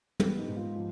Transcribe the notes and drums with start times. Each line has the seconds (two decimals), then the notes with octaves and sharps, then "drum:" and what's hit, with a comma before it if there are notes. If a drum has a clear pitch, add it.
0.20 B3 G4, drum: tom
0.38 D#4
0.48 G#2
0.56 F4
0.76 F3